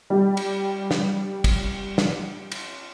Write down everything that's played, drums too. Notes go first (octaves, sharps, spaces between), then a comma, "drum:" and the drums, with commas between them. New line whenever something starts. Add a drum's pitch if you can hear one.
G3 G4
drum: cymbal
drum: snare
drum: kick, cymbal
drum: snare
drum: cymbal